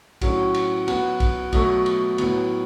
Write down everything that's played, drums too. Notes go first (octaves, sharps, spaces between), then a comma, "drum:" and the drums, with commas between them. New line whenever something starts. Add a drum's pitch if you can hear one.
A2 F#3 C#4 F#4, drum: kick, cymbal
drum: cymbal
F#3 B3 F#4, drum: cymbal
drum: kick, cymbal
B2 F#3 A3, drum: kick, cymbal
drum: cymbal
A2 F#3 B3, drum: cymbal